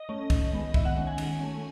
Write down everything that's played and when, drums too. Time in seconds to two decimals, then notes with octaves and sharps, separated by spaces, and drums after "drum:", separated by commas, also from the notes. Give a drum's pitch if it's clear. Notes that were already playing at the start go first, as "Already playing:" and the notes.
Already playing: D#5
0.09 A3 C#4
0.30 D#3, drum: kick, cymbal
0.52 G#3 B3
0.74 D#3 E5, drum: kick
0.85 F#5
0.96 G#3 C#4
1.07 G#5
1.18 D#3, drum: cymbal
1.40 A3 C#4